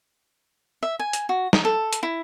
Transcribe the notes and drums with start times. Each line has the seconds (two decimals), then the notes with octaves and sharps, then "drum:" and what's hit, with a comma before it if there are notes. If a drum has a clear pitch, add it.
0.83 E5
0.99 G#5
1.13 drum: hi-hat
1.29 F#4
1.53 D#4, drum: snare
1.65 A4
1.93 drum: hi-hat
2.03 E4